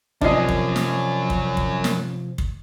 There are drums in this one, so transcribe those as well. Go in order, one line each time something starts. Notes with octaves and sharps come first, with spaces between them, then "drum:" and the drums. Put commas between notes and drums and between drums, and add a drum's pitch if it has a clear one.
F#2 C3 F3 C#4 D4 D#5 C7, drum: kick
drum: kick
drum: snare
drum: kick
drum: kick
drum: snare
drum: kick